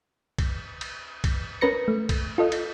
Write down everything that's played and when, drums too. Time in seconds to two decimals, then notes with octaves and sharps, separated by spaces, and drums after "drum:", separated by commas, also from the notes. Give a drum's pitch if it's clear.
0.38 drum: kick, cymbal
0.81 drum: cymbal
1.24 drum: kick, cymbal
1.61 C#4 A#4 B4 A#6 C#7
1.88 A3
2.09 drum: kick, cymbal
2.38 F4 A4 D#5
2.52 drum: cymbal